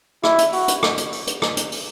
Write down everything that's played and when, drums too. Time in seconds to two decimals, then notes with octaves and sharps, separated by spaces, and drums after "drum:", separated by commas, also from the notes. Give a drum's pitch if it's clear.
0.24 E4, drum: rim click
0.38 drum: hi-hat
0.53 F#4, drum: open hi-hat
0.68 drum: hi-hat
0.83 drum: rim click
0.98 drum: hi-hat
1.12 drum: open hi-hat
1.27 drum: hi-hat
1.42 drum: rim click
1.57 drum: hi-hat
1.72 drum: open hi-hat